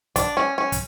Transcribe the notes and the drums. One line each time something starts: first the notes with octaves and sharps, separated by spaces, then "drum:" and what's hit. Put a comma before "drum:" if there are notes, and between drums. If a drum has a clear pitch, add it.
D4, drum: kick, hi-hat
C#4
C#4
drum: kick, hi-hat